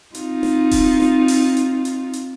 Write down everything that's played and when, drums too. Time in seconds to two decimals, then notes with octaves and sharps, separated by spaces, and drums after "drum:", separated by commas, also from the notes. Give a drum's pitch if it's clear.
0.15 C4 D#4 F4, drum: hi-hat
0.43 drum: snare
0.71 drum: kick D#1, open hi-hat
1.00 drum: snare
1.28 drum: open hi-hat
1.57 drum: hi-hat
1.85 drum: hi-hat
2.13 drum: hi-hat